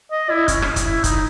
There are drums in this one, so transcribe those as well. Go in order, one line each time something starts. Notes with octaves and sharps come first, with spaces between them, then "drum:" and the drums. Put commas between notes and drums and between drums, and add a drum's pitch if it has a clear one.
D#5
E4
C#4, drum: kick, hi-hat
drum: rim click
drum: kick, hi-hat
E4
D#4, drum: kick, hi-hat